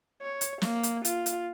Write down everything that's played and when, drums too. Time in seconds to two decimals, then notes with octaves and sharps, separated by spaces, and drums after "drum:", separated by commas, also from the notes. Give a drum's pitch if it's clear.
0.22 C#5
0.41 drum: hi-hat
0.62 A#3, drum: snare
0.83 drum: hi-hat
1.05 F4, drum: hi-hat
1.26 drum: hi-hat